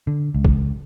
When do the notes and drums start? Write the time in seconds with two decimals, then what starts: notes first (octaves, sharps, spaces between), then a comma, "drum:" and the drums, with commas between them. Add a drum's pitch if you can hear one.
0.07 D3
0.35 C#2
0.45 drum: kick